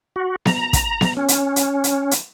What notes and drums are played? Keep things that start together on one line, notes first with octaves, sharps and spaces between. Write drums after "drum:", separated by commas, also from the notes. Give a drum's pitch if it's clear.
F#4
A#5, drum: snare B3
drum: kick, hi-hat
drum: snare B3
C#4
drum: hi-hat
drum: hi-hat
drum: hi-hat
drum: hi-hat